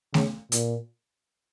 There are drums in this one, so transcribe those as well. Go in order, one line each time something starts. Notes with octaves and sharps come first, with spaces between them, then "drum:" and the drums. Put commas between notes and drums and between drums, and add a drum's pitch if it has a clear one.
C#3, drum: snare A3
A#2, drum: hi-hat